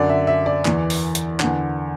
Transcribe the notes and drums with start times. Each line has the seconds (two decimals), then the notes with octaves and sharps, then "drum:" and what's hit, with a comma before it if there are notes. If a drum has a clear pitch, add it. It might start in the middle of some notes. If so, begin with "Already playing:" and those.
Already playing: F#2 D3 D5
0.09 E5
0.27 E5
0.46 D5
0.65 E2 E3, drum: clap
0.90 drum: open hi-hat
1.15 drum: hi-hat
1.40 E2 D3, drum: clap